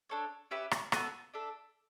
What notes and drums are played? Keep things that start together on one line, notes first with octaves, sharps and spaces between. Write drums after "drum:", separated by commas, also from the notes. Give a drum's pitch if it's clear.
D4 A4 C#5
C#4 G4 B4 E5
drum: rim click
B3 F#4 A4, drum: rim click
D4 A4 E5